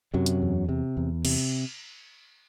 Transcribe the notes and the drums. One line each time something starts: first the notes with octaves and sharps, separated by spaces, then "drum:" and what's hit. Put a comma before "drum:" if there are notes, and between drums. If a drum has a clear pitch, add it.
F#2 C3 F#3
drum: hi-hat
E2
C3
E2
C3, drum: cymbal